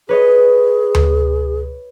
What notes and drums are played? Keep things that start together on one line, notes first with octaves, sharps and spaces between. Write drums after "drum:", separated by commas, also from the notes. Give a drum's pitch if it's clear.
G#4 B4 C#5 D#5
drum: tom D2